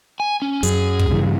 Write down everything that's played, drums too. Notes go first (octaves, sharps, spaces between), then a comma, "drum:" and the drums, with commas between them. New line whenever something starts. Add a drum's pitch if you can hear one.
G#5
C#4
F#2 G#4, drum: hi-hat
drum: kick
G2 C#3 E3